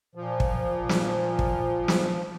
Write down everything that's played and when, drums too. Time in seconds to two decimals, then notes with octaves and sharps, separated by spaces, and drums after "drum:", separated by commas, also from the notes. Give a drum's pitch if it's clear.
0.15 A#2 F3
0.40 drum: kick
0.89 drum: snare
1.39 drum: kick
1.88 drum: snare